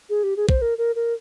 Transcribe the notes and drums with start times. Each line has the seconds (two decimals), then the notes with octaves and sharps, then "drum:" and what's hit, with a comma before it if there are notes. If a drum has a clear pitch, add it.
0.10 G#4
0.23 G4
0.37 G#4
0.49 C5, drum: kick
0.62 A#4
0.78 A#4
0.96 A#4